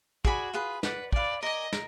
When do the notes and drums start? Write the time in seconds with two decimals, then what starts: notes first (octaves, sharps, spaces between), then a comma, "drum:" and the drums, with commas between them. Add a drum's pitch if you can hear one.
0.25 F#4 G#4 D5 G#5 B5, drum: kick
0.53 F4 G#4 B4
0.83 B4 D5 F#5 D6, drum: snare
1.13 B4 D5 F5 G#5, drum: kick
1.43 A#4 D5 D#5 G#5
1.73 A#4, drum: snare